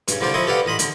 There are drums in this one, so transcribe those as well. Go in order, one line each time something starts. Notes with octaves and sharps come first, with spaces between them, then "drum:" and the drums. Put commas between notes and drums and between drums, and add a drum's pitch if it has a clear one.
G2 C#3, drum: hi-hat
C2 D3 G3 F4 C5 D5
F3 E4 A4 D#5 C6 C#6
G4 A4 B4 D5 F5 F#5
A1 D#5 B5 C6
D3, drum: hi-hat